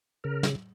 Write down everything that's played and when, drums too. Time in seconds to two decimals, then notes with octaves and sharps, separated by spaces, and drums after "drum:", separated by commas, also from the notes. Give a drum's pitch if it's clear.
0.24 C#3 A#4
0.43 drum: snare